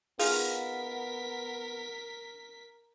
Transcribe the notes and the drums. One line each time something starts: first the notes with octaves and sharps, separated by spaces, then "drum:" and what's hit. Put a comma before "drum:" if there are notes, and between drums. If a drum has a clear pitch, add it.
B3 D#4 F4 G#4 A#4 F5 B6, drum: open hi-hat